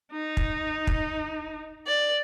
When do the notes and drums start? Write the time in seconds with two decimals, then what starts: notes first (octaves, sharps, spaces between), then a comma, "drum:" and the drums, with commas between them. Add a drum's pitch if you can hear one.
0.12 D#4
0.37 drum: kick
0.87 drum: kick
1.87 D5